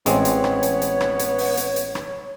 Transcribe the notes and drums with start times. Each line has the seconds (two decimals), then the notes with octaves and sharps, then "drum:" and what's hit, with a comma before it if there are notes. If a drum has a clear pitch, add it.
0.06 A1 G#3 B3 C4 C#5, drum: hi-hat
0.25 drum: hi-hat
0.44 drum: rim click
0.63 drum: hi-hat
0.82 drum: hi-hat
1.01 drum: rim click
1.19 drum: hi-hat
1.38 drum: open hi-hat
1.57 drum: hi-hat
1.76 drum: hi-hat
1.95 drum: rim click